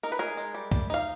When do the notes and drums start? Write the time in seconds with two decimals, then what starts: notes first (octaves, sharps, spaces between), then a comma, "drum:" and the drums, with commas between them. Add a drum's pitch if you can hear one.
0.03 D#4 A#4
0.12 B4
0.19 D#4 G#4 A#4
0.37 G#3
0.54 G3
0.72 G3, drum: kick
0.90 D#4 F5